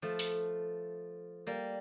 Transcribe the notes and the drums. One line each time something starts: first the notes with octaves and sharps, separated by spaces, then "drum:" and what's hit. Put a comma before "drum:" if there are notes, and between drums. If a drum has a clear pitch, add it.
F3 A3
drum: open hi-hat
G3 A#3